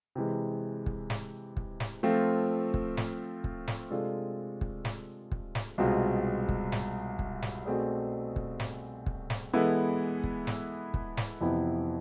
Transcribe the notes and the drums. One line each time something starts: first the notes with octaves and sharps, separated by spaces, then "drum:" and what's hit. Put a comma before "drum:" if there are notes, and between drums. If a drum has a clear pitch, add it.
C3 E3 G#3
drum: kick
drum: snare
drum: kick
drum: snare
F3 A3 C4 F4
drum: kick
drum: snare
drum: kick
drum: snare
C3 G#3 D4 F4 A4
drum: kick
drum: snare
drum: kick
drum: snare
C2 B2 G#3 C4 F4
drum: kick
drum: snare
drum: kick
drum: snare
B2 A3 C4 G#4 D5
drum: kick
drum: snare
drum: kick
drum: snare
E3 G#3 B3 E4 A4
drum: kick
drum: snare
drum: kick
drum: snare
F2 C3 E3 B3 E4